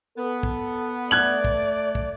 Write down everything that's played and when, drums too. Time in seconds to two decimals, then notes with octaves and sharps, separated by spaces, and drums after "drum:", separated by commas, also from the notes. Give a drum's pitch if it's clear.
0.18 B3 A4
0.43 drum: kick
1.11 A3 D5 F#6 G#6 F#7
1.45 drum: kick
1.95 drum: kick